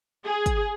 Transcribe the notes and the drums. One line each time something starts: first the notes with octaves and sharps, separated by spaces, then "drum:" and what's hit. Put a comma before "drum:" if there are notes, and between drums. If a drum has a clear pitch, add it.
G#4
drum: kick, hi-hat